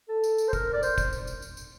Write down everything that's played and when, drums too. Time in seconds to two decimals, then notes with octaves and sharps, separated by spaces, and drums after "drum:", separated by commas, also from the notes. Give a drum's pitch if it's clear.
0.09 A4
0.24 drum: tambourine
0.38 drum: tambourine
0.48 C5
0.53 A#4, drum: kick, tambourine
0.73 D5
0.83 C5, drum: tambourine
0.98 drum: kick, tambourine
1.13 drum: tambourine
1.27 drum: tambourine
1.42 drum: tambourine
1.57 drum: tambourine